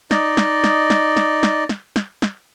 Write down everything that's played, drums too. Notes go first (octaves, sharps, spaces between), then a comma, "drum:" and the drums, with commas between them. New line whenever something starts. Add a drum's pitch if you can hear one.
D#4 D5 D#5, drum: snare
drum: snare
drum: snare
drum: snare
drum: snare
drum: snare
drum: snare
drum: snare
drum: snare